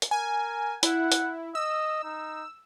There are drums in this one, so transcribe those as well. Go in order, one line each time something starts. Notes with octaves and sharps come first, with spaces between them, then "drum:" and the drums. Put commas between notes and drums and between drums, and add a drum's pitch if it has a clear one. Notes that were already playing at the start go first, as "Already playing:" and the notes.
drum: hi-hat
A#4 G#5
E4 F#5, drum: hi-hat
drum: hi-hat
D#5 E6
D#4